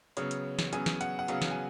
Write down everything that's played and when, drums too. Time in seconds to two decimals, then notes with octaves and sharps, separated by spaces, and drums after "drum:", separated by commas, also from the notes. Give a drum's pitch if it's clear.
0.17 C#3 F#3 B3 C#5, drum: hi-hat
0.31 drum: hi-hat
0.59 drum: snare
0.73 C#3 F#3 B3 G#5, drum: hi-hat
0.86 drum: snare
1.01 F#5, drum: hi-hat
1.19 F#5
1.28 C#3 F#3 B3 F5, drum: hi-hat
1.42 drum: snare
1.51 G#5